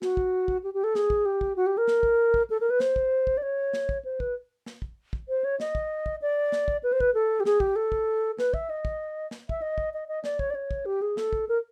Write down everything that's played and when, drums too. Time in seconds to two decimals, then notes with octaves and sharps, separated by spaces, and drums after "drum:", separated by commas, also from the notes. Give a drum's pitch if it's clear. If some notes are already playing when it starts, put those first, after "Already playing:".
0.02 F#4, drum: snare
0.17 drum: kick
0.48 drum: kick
0.63 G4
0.74 G4
0.84 A4
0.95 G#4, drum: snare
1.10 drum: kick
1.25 G4
1.41 drum: kick
1.56 F#4
1.66 G4
1.77 A#4
1.88 drum: snare
2.03 drum: kick
2.34 drum: kick
2.50 A4
2.60 A#4
2.70 B4
2.80 C5, drum: snare
2.96 drum: kick
3.27 drum: kick
3.37 D5
3.42 C#5
3.73 drum: snare
3.89 drum: kick
4.05 C5
4.20 B4, drum: kick
4.66 drum: snare
4.82 drum: kick
5.13 drum: kick
5.29 C5
5.44 C#5
5.60 D#5, drum: snare
5.75 drum: kick
6.06 drum: kick
6.22 D5
6.52 drum: snare
6.68 drum: kick
6.83 B4
6.92 C5
7.00 B4, drum: kick
7.14 A4
7.40 G4
7.45 G#4, drum: snare
7.60 G4, drum: kick
7.76 A4
7.92 drum: kick
8.39 B4, drum: snare
8.54 E5, drum: kick
8.70 D#5
8.85 drum: kick
9.31 drum: snare
9.49 E5, drum: kick
9.62 D#5
9.78 drum: kick
9.93 D#5
10.08 D#5
10.24 D5, drum: snare
10.39 C#5, drum: kick
10.50 D5
10.55 C#5
10.71 drum: kick
10.86 G4
11.02 G#4
11.17 A4, drum: snare
11.33 drum: kick
11.49 A#4